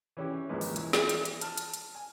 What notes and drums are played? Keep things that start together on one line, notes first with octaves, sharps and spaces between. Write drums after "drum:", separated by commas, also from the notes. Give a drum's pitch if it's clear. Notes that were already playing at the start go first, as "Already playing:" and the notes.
E3 C#4 G4
A#1 D#2 G#2 F3 G#3 B4
drum: open hi-hat
E3, drum: hi-hat
drum: snare
drum: hi-hat
drum: hi-hat
A5 F6, drum: hi-hat
drum: hi-hat
drum: hi-hat
G#5